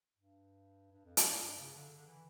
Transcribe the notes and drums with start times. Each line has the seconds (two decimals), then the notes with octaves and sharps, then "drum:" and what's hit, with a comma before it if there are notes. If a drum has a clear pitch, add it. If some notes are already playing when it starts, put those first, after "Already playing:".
0.18 G2
0.92 G2
1.05 F2
1.17 G2, drum: hi-hat
1.24 F2
1.29 G2
1.42 G2
1.58 C#3
1.75 D3
1.97 D3
2.07 E3